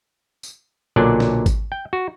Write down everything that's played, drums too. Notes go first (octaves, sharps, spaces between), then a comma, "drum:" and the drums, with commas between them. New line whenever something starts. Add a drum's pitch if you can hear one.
drum: tambourine
B1 A#2 D3 F#3 D4 D5
drum: snare
drum: kick G#1, tambourine
G5
F#4